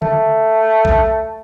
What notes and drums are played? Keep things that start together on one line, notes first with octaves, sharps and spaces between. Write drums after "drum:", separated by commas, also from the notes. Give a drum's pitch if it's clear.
A3, drum: tom C#3
drum: kick